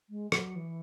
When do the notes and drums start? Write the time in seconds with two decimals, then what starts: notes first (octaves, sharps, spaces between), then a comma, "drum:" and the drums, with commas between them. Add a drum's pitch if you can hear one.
0.10 G#3
0.32 F#3, drum: rim click
0.56 E3